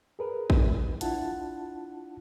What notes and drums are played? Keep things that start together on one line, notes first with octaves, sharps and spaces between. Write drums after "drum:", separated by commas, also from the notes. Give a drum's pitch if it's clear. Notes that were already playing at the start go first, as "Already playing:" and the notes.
G#4 A#4 B4
drum: kick
D4 E4 F4 F#5 A5, drum: hi-hat